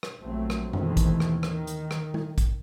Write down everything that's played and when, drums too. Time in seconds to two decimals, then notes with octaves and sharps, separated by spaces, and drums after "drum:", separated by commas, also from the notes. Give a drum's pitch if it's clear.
0.03 drum: rim click
0.20 A#1 F#3 A3 C4
0.50 drum: rim click
0.73 D#2 B2 D#3 E3 A3 C4, drum: tom F#2
0.97 drum: kick, hi-hat
1.20 drum: rim click
1.43 D#3, drum: rim click
1.67 drum: hi-hat
1.91 drum: rim click
2.14 drum: tom G#3
2.38 drum: kick, hi-hat